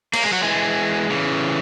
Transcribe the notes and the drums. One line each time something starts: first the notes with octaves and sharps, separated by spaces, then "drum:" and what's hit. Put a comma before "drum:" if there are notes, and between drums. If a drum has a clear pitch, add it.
A#3, drum: cymbal
G#3
F#3
E3 G#3
C#3 E3